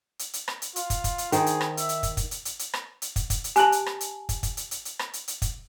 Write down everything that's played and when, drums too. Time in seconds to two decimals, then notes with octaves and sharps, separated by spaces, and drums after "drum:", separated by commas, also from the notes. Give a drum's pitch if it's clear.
0.19 drum: hi-hat
0.33 drum: hi-hat
0.48 drum: rim click
0.62 drum: hi-hat
0.76 F4, drum: hi-hat
0.90 drum: kick, hi-hat
1.04 drum: kick, hi-hat
1.18 drum: hi-hat
1.32 D#3 G#4 C5, drum: hi-hat
1.46 drum: hi-hat
1.61 drum: rim click
1.77 E5, drum: hi-hat
1.89 drum: hi-hat
2.03 drum: kick, hi-hat
2.17 drum: kick, hi-hat
2.31 drum: hi-hat
2.45 drum: hi-hat
2.59 drum: hi-hat
2.73 drum: rim click
3.02 drum: hi-hat
3.16 drum: kick, hi-hat
3.30 drum: kick, hi-hat
3.44 drum: hi-hat
3.56 G4 G#5 A5 F#6 F#7, drum: hi-hat
3.72 drum: hi-hat
3.86 drum: rim click
4.01 drum: hi-hat
4.29 drum: kick, hi-hat
4.43 drum: kick, hi-hat
4.57 drum: hi-hat
4.71 drum: hi-hat
4.85 drum: hi-hat
4.99 drum: rim click
5.13 drum: hi-hat
5.28 drum: hi-hat
5.42 drum: kick, hi-hat